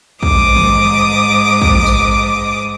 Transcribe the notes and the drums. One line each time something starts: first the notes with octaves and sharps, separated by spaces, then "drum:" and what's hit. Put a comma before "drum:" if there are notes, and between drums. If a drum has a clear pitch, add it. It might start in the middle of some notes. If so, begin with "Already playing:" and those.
G#2 D6 D#6, drum: kick A#1
drum: tom D3
drum: kick A#1
drum: tambourine